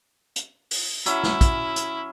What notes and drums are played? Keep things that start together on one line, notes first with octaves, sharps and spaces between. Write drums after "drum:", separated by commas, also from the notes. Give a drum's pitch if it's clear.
drum: hi-hat
drum: open hi-hat
F#3 C#4 E4 E5, drum: hi-hat
drum: snare
drum: kick, hi-hat
drum: hi-hat